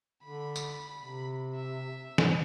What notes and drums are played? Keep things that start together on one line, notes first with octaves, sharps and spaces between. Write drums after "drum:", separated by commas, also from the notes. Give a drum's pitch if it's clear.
D3 B5
drum: tambourine
C3
E5
drum: snare